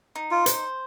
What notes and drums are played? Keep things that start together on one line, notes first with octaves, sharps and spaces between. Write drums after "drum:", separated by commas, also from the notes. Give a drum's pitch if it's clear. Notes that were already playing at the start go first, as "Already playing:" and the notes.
D#4
F4
C5, drum: hi-hat